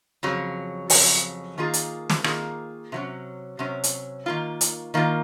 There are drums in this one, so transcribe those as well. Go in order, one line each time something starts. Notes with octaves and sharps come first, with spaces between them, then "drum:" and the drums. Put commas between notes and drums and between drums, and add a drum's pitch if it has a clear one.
F2 C#3 F#3
F2 C#3 F#3, drum: open hi-hat
D#3 A#3 F4 G#4
drum: hi-hat
drum: snare
D#3 A#3 F4 G#4, drum: rim click
C3 F#3 C#4
C3 F#3 C#4
drum: hi-hat
D#3 A#3 F4
drum: hi-hat
D#3 A#3 F4